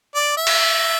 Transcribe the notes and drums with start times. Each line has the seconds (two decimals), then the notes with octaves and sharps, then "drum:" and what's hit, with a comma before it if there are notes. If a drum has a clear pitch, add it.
0.15 D5
0.37 E5
0.47 drum: cymbal